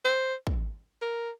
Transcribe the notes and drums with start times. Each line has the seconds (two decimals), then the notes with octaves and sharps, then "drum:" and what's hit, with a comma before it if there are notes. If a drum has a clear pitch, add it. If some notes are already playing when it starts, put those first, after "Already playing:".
0.05 C5
0.47 drum: kick
1.01 A#4